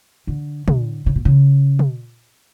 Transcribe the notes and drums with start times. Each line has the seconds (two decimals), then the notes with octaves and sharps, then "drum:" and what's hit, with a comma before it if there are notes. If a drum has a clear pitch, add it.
0.27 D3
0.68 D3, drum: tom
1.06 C#3
1.16 B2
1.25 C#3
1.79 drum: tom